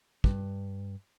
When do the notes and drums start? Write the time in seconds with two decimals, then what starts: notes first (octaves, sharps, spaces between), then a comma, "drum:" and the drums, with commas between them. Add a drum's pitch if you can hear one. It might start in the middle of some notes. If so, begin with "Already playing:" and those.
0.24 G2, drum: kick